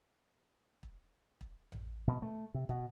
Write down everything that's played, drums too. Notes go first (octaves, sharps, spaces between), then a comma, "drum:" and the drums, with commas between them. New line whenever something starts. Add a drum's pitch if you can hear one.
drum: kick
drum: kick
drum: tom A1
B2
A3
C3
B2, drum: kick